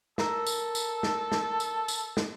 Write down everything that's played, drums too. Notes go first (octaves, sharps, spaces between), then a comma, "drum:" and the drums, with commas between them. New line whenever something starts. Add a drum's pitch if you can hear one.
A4 A#4 A#5 E6, drum: snare
drum: tambourine
drum: tambourine
drum: snare
drum: snare
drum: tambourine
drum: tambourine
drum: snare